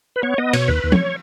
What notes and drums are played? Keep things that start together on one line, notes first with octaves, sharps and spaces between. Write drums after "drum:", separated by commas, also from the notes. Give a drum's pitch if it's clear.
B4
B3 C#5
B3 D#5
B2 C#5, drum: cymbal
D#2 B4
D#2
C#5, drum: tom